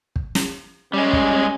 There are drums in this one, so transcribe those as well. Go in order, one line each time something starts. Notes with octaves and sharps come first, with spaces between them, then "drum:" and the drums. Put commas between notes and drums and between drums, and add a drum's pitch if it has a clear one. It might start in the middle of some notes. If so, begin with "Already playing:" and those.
drum: kick
drum: snare
G3 G#3 C#4
drum: kick